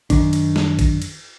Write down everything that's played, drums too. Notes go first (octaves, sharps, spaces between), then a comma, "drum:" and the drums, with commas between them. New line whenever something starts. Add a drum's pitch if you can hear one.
F#2 D#3 D4, drum: kick, cymbal
drum: cymbal
drum: snare
drum: kick, cymbal
drum: cymbal